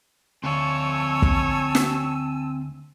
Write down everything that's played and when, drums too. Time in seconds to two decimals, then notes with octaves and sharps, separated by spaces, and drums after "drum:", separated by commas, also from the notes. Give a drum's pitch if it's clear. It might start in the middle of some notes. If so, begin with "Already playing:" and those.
0.44 D2 C4 C#5 F5 G#5 A5 E6
1.22 drum: kick
1.75 drum: snare